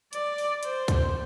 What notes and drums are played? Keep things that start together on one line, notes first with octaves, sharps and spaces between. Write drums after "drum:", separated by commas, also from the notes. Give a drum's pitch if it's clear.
D5, drum: hi-hat
drum: open hi-hat
C5, drum: hi-hat
drum: kick C#2, hi-hat